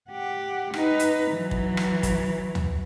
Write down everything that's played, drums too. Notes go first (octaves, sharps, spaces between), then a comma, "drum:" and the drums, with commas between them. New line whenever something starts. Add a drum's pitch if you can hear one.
G4 F#5
D#4 B4, drum: rim click
drum: hi-hat
E3 F#3
drum: kick
drum: rim click
drum: kick, hi-hat
drum: tom